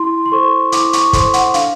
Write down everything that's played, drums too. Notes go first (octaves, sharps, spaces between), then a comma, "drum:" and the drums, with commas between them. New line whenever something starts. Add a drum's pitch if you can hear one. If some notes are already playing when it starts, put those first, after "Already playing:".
Already playing: E4 C6
C6
A4 C5 C#6
E4 D6, drum: hi-hat
C#6, drum: hi-hat
A4 C5 C6, drum: kick, hi-hat
F#5, drum: hi-hat
D4 F5, drum: hi-hat